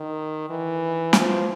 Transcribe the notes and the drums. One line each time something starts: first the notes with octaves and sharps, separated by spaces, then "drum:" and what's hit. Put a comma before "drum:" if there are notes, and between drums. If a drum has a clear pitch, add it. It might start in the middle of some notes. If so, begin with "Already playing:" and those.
Already playing: D#3
E3
F3, drum: snare